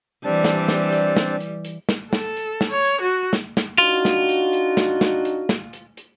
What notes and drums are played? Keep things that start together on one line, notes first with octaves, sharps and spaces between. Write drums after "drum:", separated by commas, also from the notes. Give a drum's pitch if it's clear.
E3 G3 C4 D4 A5
drum: snare
drum: snare
drum: hi-hat
drum: snare
drum: hi-hat
drum: hi-hat
drum: snare
A4, drum: snare
drum: hi-hat
drum: snare
C#5
drum: hi-hat
F#4
drum: snare
drum: snare
D4 D#4 F4 F#4, drum: hi-hat
drum: snare
drum: hi-hat
drum: hi-hat
drum: snare
drum: snare
drum: hi-hat
drum: snare
drum: hi-hat
drum: hi-hat